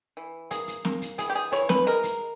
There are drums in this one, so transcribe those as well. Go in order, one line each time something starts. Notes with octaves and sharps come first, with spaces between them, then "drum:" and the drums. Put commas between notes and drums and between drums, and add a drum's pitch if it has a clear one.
E3
A#3 G#4, drum: hi-hat
drum: hi-hat
A#3, drum: snare
drum: hi-hat
E3 G#4, drum: hi-hat
G4
G#4
E3 C#5, drum: open hi-hat
B4, drum: snare
G#3 A#4
drum: hi-hat